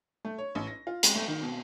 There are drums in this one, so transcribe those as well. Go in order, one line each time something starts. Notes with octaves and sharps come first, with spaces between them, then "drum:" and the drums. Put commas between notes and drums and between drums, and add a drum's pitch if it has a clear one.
A3
C#5
A1
A#6
F4
G#3, drum: hi-hat
A3
D#3
B2